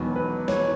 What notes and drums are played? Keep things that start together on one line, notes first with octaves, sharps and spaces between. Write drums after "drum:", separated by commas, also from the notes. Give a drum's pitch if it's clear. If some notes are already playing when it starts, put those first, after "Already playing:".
Already playing: E1 E2 D#3 F#3 B3
B4
C#5, drum: snare